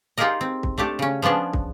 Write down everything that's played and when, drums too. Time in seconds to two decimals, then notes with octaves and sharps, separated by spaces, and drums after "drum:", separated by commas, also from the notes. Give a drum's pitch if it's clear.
0.18 D#4 F4 G4 G#4 A#4 D#5
0.41 C4
0.63 drum: kick
0.78 A3 D4 G4 A4
0.99 C#3 C#4
1.22 F3 B3 C#4 D4 G#4
1.53 drum: kick